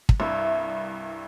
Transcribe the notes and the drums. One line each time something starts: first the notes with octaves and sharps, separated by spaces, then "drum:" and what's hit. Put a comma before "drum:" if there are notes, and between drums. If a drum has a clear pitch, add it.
drum: kick
C2 G2 E4